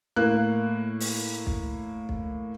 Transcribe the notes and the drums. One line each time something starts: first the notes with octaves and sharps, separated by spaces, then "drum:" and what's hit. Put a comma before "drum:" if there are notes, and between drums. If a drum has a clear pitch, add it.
A2 A#3 F#6
drum: open hi-hat
drum: kick
drum: kick